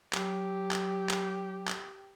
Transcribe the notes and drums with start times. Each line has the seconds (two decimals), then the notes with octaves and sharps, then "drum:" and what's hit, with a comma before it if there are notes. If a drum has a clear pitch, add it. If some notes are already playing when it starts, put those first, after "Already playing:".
0.13 F#3 G4, drum: clap
0.71 drum: clap
1.09 drum: clap
1.67 drum: clap